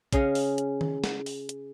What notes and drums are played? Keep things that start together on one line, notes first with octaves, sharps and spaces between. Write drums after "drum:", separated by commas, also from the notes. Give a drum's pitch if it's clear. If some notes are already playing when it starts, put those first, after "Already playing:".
C#3 C#4 G#4 D#5 F5, drum: kick A#1, hi-hat
drum: open hi-hat
drum: hi-hat
drum: tom D#3
drum: snare
drum: open hi-hat
drum: hi-hat